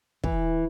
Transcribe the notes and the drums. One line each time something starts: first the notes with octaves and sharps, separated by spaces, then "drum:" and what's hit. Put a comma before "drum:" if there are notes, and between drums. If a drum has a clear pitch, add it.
E3, drum: kick